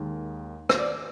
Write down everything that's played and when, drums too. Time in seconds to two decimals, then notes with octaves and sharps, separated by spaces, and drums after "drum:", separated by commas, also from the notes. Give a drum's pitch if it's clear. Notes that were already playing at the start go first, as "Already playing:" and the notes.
Already playing: D#2 D#3 G#3
0.69 C5, drum: rim click
0.79 D5